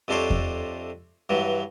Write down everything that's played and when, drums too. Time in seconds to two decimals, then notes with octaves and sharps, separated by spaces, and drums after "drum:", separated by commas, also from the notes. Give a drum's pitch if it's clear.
0.08 F2 C3 D4 A4 C5 C#5
0.30 drum: kick E2
1.29 G2 E3 F#3